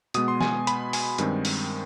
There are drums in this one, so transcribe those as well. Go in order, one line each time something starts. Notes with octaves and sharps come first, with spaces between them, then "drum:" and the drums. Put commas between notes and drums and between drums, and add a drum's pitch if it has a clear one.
B2 G#3 B3 D#6, drum: hi-hat
C6
G#5, drum: snare
B5, drum: hi-hat
G#5, drum: open hi-hat
G2 D#3 G#3 C4, drum: hi-hat
drum: open hi-hat